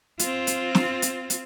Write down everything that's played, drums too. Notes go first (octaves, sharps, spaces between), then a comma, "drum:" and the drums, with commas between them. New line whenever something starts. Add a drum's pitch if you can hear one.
C4 F4, drum: hi-hat
drum: hi-hat
drum: snare
drum: hi-hat
drum: hi-hat